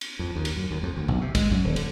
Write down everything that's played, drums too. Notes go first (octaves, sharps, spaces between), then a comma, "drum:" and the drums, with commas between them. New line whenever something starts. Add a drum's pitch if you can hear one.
drum: cymbal
F2
D#2
drum: cymbal
F#2
D#2
F2
D2
B1, drum: tom A#2
C3
G#3, drum: kick, cymbal
F#2
D#1
D3, drum: cymbal